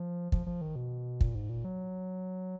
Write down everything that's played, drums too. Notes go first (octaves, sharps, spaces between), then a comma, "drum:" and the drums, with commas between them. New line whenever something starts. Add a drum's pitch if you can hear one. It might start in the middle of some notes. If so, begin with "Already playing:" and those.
Already playing: F3
F3, drum: kick
F3
D#3
B2
A#2, drum: kick
G#2
A#2
F#3